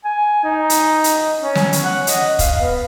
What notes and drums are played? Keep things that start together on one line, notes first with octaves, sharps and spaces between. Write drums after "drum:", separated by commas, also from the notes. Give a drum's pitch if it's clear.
G#5
D#4
drum: hi-hat
drum: hi-hat
C#4
drum: snare
drum: hi-hat
F#5
D#5, drum: hi-hat
F5, drum: kick, hi-hat
B3